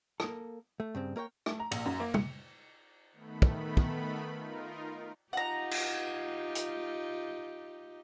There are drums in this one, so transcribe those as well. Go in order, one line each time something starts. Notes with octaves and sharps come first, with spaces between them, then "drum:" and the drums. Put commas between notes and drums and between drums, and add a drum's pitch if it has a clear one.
A#3 A4, drum: rim click
A3
G2 C#3 C4
A#3 A#4 C#5 G5
A3, drum: rim click
A#5
A#1, drum: cymbal
F#2
A#3
C#7, drum: tom
D#3 A3 B3 B5
drum: kick
drum: kick
D#4 F4 A#4
D#4 F4 G4 F#5 A#5
drum: cymbal
drum: hi-hat